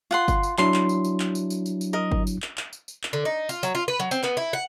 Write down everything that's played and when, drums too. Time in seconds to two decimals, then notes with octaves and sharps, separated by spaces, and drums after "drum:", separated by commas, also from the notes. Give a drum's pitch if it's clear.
0.11 F4 F#5 C6
0.28 drum: kick G1, tambourine
0.43 drum: tambourine
0.58 F#3 D4 E4 C6, drum: clap
0.74 drum: clap
0.89 drum: tambourine
1.05 drum: tambourine
1.20 drum: clap
1.35 drum: tambourine
1.50 drum: tambourine
1.66 drum: tambourine
1.81 drum: tambourine
1.93 A#4 D#5
2.12 drum: kick G1
2.27 drum: tambourine
2.42 drum: clap
2.57 drum: clap
2.73 drum: tambourine
2.88 drum: tambourine
3.03 drum: clap
3.13 D3
3.25 D#4
3.49 F4, drum: tambourine
3.63 F#3, drum: tambourine
3.75 F4
3.88 B4
4.00 F#3
4.11 C4, drum: tambourine
4.23 B3, drum: clap
4.37 E4
4.53 F#5